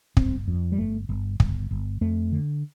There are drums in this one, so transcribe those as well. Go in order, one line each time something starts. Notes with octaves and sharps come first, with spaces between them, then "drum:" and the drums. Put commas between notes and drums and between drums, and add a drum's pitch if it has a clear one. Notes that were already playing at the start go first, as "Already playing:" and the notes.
G1 C4, drum: kick
F2
G3
G1 A3
G1
G1, drum: kick
G1
F2 A3
D3